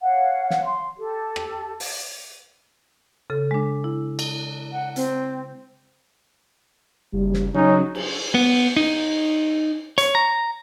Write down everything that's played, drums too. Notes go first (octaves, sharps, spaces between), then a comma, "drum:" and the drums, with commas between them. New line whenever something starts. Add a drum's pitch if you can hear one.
C#5 F5 F#5
drum: snare
C6
G4 A4
drum: rim click
drum: open hi-hat
C#3 A4
G#3 D4
E4
drum: cymbal
F#5
C4, drum: hi-hat
F#1 G3
drum: snare
C#3 F#3 C#4 D#4
drum: cymbal
B3
D#4
C#5, drum: hi-hat
A#5